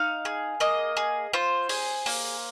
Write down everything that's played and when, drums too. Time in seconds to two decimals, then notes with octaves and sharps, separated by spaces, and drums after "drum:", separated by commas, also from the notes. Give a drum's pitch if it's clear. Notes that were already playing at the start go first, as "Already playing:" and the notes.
Already playing: D#4 F5
0.25 G#4
0.60 A#3 D#5
0.97 G#4
1.33 F4 C5
1.69 G#4, drum: open hi-hat
2.06 A#3, drum: open hi-hat